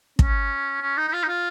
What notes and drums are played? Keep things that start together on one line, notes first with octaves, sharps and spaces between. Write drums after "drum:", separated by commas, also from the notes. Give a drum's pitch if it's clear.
C#4, drum: kick
C#4
D#4
D#4
F4
D#4
F4